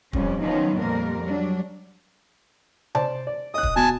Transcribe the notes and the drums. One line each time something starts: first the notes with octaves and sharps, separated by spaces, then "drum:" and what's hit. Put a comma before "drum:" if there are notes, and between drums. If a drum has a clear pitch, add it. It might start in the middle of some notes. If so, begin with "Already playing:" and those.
F2 G3 C#4, drum: kick
D#3 F3 F#3 B3 C#4
F2 A#2 G3 A#4
F#3 G3 D4
C5 D5 A5, drum: tom C3
D5
D#5 D#6 F#6
drum: kick
B2 G#5 A5